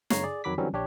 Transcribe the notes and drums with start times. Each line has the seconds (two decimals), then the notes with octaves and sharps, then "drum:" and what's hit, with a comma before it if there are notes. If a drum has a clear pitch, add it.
0.10 F#2 C#3 C#5 A#5 C7, drum: snare
0.24 G#4 D5
0.44 F2 D#3 F#3 B5 D6 B6
0.58 D3 E3 F#3 G3 C4 C#4
0.73 A#1 D4 G4 C#5